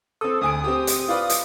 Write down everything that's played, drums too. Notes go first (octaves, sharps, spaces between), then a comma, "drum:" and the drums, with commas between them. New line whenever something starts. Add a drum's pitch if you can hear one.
C4 A4 D#6
D2 G#5 D#6 D7
C4 G4
drum: hi-hat
F4 B4 D5
drum: hi-hat